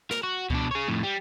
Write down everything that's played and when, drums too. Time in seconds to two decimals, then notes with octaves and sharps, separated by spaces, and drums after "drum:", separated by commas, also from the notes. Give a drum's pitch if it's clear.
0.11 A#4, drum: snare
0.23 F#4
0.50 B2 D4, drum: kick C#2
0.71 G#4 C#5
0.88 F2 A2
1.03 G3